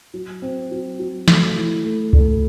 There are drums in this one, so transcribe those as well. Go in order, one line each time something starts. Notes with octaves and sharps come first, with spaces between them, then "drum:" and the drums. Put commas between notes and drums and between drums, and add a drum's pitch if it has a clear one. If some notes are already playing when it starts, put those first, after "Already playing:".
F#3
C4
F#3
F#3
A3, drum: snare
E4
A3
A4, drum: kick